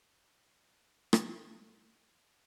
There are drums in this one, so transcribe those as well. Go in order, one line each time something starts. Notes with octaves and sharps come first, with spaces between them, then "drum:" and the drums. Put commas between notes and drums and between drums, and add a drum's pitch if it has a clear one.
C#4
B3 D4 G4 A4 F5 G5
drum: rim click
F#4 A#4 C5 D5 E5 F5